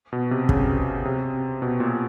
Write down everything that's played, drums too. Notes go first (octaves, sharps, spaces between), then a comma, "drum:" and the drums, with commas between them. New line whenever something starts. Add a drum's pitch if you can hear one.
B2
C3
C#3, drum: kick
C3
B2
A#2